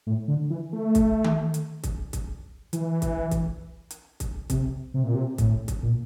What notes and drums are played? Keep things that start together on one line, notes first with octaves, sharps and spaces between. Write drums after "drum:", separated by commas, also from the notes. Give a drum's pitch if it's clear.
A2
D3
E3
A3
drum: kick, hi-hat
drum: tom D#3
drum: hi-hat
drum: kick, hi-hat
drum: kick, hi-hat
E3, drum: hi-hat
drum: kick, hi-hat
drum: kick, hi-hat
drum: hi-hat
drum: kick, hi-hat
C3, drum: kick, hi-hat
C3
A#2
C3
A2, drum: kick, hi-hat
drum: kick, hi-hat
A#2